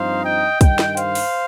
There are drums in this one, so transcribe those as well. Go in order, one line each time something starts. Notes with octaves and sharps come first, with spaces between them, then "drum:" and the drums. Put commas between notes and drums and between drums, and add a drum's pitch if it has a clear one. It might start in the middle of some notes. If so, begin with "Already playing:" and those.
Already playing: G2 F3 C4 D#4 C5 F5
D#5 G5
G2 D#3 G3 D#5 G5, drum: kick, hi-hat
drum: snare
C5 F5, drum: hi-hat
drum: open hi-hat